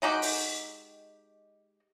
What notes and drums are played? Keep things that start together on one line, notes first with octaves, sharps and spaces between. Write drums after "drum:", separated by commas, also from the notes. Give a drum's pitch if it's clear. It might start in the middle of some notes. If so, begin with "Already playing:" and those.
G#3 D#4 F#4 G4
drum: open hi-hat